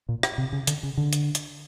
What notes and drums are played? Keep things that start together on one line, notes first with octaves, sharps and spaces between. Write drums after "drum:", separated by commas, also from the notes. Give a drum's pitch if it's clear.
A#2
drum: rim click
C3
C#3
D3, drum: hi-hat
C#3
D3
drum: hi-hat
drum: hi-hat